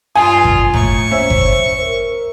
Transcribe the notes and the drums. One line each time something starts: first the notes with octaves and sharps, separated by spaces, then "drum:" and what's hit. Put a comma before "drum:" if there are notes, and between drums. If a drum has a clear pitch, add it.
G2 F4 G#5 D#6
drum: kick G1
A2 A#5 C#6, drum: kick G1
C#4 C5 E5
drum: kick G1
A#4